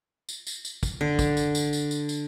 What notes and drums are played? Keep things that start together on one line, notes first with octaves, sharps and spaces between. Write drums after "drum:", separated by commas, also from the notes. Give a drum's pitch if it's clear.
drum: tambourine
drum: tambourine
drum: tambourine
drum: kick, tambourine
D3
drum: kick, tambourine
drum: tambourine
drum: tambourine
drum: tambourine
drum: tambourine
drum: tambourine